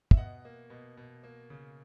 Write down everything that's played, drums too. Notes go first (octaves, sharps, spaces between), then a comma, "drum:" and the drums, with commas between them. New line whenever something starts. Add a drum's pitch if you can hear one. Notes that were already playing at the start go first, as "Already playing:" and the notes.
E5, drum: kick
B2 D#5 F#5
A#3
B2
B2
A#3
C#3